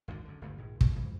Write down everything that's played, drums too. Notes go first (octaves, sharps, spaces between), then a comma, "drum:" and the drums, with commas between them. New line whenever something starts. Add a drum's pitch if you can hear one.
G#1 D#2 B2 D3
F#2 D3
G1 D2 G2
A#1 G#2
D#2 B2 D#3 A#3, drum: kick
F2 G#2 C#3 E3